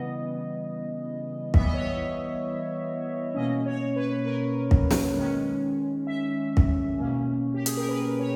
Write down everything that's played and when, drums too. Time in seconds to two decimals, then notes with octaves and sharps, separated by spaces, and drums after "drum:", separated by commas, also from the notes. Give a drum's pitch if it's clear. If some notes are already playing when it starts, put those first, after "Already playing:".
Already playing: C#3 E3 G3 B3 D#5
1.54 E3 G3 B3 E5, drum: kick
1.64 D#5
1.74 C#5
1.83 D#5
3.35 B2 A#3 C#4 D#5
3.66 C#5
3.96 B4
4.22 B4
4.26 A#4
4.71 drum: kick
4.91 drum: snare
5.16 D#3 G#3 C#4
6.07 E5
6.57 drum: kick
6.98 B2 A#3 C#4
7.54 G4
7.66 G#4, drum: hi-hat
7.77 A#4
7.89 B4
8.19 C#5